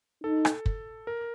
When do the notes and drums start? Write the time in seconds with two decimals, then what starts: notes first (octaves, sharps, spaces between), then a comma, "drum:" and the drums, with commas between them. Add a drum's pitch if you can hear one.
0.24 D#4 A4
0.45 drum: rim click
0.66 drum: kick
1.07 A#4